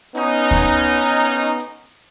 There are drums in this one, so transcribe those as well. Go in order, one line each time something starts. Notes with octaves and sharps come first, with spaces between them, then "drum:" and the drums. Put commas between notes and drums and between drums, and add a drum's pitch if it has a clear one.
B3 C#4 D#4, drum: hi-hat
drum: kick D2, open hi-hat
drum: open hi-hat
drum: hi-hat